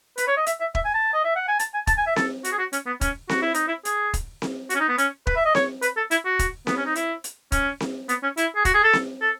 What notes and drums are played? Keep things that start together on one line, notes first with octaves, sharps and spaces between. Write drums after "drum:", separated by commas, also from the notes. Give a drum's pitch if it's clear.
B4, drum: hi-hat
C#5
D#5
E5, drum: hi-hat
E5
E5, drum: kick
G#5
A5
D#5
E5
F#5
G#5
A5, drum: hi-hat
G#5
A5, drum: kick, hi-hat
G#5
E5
A4, drum: snare C4
F#4, drum: hi-hat
G#4
F#4
C#4, drum: hi-hat
B3
C#4, drum: kick, hi-hat
F#4, drum: snare C4
E4
D#4, drum: hi-hat
E4
G#4, drum: hi-hat
drum: kick, hi-hat
drum: snare C4
F#4, drum: hi-hat
C#4
D#4
B3
C#4, drum: hi-hat
B4, drum: kick
E5
D#5
C#5, drum: snare C4
B4, drum: hi-hat
A4
E4, drum: hi-hat
F#4
drum: kick, hi-hat
B3, drum: snare C4
C#4
D#4
E4, drum: hi-hat
drum: hi-hat
C#4, drum: kick, hi-hat
drum: snare C4
B3, drum: hi-hat
C#4
E4, drum: hi-hat
G#4
F#4, drum: kick, hi-hat
G#4
A4
drum: snare C4
A4